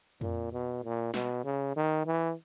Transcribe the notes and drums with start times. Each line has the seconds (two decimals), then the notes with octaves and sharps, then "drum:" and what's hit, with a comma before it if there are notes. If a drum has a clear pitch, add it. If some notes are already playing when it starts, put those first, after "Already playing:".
0.21 A#2, drum: tom F2
0.53 B2
0.84 A#2
1.14 B2, drum: snare
1.44 C#3
1.76 D#3
2.06 E3